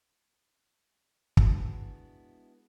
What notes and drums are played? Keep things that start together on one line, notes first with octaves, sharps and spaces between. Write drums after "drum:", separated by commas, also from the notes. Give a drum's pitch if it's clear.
G#3 B3 D4 E4 F#4, drum: kick